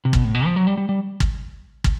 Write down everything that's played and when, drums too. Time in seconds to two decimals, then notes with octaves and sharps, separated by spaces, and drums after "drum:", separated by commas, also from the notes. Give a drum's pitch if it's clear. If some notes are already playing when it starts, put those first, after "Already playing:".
0.05 C3
0.13 B2, drum: kick
0.24 A2
0.35 B2
0.45 F3
0.56 F#3
0.67 G3
0.77 G3
0.89 G3
1.20 drum: kick
1.84 drum: kick